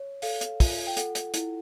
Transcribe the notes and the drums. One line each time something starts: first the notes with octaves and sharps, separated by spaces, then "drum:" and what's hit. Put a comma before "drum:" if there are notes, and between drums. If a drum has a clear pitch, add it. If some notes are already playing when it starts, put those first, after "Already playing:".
Already playing: C#5
A4 F5, drum: open hi-hat
drum: hi-hat
F4, drum: kick, open hi-hat
G5
A4 F#5, drum: hi-hat
drum: hi-hat
E4, drum: hi-hat